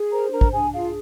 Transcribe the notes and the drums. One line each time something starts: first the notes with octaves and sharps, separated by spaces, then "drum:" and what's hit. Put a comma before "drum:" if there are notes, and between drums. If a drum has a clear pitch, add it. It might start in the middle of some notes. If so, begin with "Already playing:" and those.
Already playing: G#4
A#4 C5 A#5
D4 A#4 A#5
drum: kick
D4 G#4 G#5
F4 G#4 F5